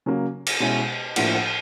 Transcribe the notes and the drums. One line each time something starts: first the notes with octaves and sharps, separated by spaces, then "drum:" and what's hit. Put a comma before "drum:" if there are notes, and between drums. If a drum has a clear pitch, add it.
C#3 F#3 A#3
drum: cymbal
B2 G#3 C#4 E4
A2 F3 A#3 D4 F#5, drum: cymbal
F#5